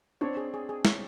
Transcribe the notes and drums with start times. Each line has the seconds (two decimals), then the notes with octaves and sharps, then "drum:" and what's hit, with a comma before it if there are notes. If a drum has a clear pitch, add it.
0.21 C4 D4 C#5
0.37 G#4
0.54 G#4
0.69 G#4
0.85 C#5, drum: snare